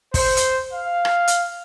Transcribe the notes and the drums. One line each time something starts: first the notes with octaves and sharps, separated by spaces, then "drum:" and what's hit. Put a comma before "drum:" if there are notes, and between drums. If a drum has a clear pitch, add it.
C5, drum: kick, open hi-hat
drum: hi-hat
F5
drum: rim click
drum: hi-hat